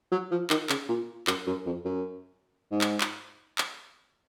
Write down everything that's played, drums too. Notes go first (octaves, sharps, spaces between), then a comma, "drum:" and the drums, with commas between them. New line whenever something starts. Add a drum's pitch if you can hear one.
F#3
F3
D#3, drum: clap
C#3, drum: clap
A#2
F#2, drum: clap
F#2
F2
F#2
G#2
drum: clap
drum: clap
drum: clap